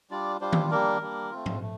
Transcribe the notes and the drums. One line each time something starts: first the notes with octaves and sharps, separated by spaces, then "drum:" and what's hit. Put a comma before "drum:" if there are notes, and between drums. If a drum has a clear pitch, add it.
G3 D4 F4 D5
G3 D4 F4 C5
drum: tom D#3
G3 A#3 D4 A#4
G3 A#3 D4
A3 C4 F4
drum: tom G#2
A3